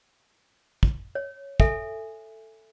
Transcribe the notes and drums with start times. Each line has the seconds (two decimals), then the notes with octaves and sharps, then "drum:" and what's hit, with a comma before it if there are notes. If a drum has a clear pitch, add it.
0.83 drum: kick
1.15 C#5
1.60 A4 E5 G#5, drum: kick